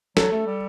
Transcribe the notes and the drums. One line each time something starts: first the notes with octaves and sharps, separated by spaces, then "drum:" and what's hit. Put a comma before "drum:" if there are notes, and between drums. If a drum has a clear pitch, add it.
F#3 A4, drum: snare
A3
G3